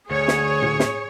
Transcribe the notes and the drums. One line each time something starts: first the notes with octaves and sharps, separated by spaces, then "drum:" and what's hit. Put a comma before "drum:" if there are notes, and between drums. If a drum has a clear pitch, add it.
D2 G#4 C#5
drum: snare
drum: tom A2
drum: snare